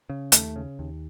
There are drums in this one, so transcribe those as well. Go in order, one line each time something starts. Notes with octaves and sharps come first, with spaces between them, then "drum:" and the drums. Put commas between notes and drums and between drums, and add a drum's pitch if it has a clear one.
C#3
D#2 A3, drum: hi-hat
C#3
D#2